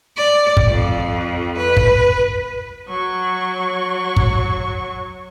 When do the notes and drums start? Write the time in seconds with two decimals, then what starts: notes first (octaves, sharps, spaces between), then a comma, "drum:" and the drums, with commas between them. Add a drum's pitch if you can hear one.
0.17 D5
0.57 drum: kick
0.69 F2
1.58 B4
1.77 drum: kick
2.89 F#3 C#6
4.16 drum: kick